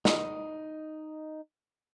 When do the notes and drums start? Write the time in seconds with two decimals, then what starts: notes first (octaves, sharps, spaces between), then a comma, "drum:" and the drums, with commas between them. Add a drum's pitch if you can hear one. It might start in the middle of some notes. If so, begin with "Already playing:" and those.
0.05 D#4 D#5, drum: snare